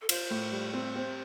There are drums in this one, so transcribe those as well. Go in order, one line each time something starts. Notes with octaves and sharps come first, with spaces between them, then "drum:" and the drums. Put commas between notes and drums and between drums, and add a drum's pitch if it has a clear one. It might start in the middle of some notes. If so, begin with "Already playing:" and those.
A4
F4 C5, drum: cymbal
A2
G3
C4
C4 C5